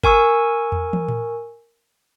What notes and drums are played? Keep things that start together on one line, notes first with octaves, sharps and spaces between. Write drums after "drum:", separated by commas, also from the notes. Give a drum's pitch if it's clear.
A#4 G#5 C#6 E6, drum: kick G1
drum: tom
drum: tom
drum: tom A2